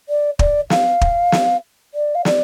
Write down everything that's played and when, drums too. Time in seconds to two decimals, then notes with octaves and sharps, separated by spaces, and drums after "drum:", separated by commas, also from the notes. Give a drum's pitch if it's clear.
0.09 D5
0.39 D5, drum: kick
0.70 F5, drum: snare
1.01 drum: kick
1.32 drum: snare
1.94 D5
2.15 F5
2.25 D5, drum: snare